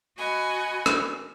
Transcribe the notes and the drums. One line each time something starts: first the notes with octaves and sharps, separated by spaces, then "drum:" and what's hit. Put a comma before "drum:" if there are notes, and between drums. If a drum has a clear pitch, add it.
F#4 D#5 F#5 G#5 B5
drum: rim click